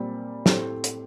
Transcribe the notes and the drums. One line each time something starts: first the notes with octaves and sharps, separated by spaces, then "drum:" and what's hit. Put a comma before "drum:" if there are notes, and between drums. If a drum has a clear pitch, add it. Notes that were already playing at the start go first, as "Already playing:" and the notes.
Already playing: A#2 G3 C4
A2 A3 C4 G4 C5, drum: snare
drum: hi-hat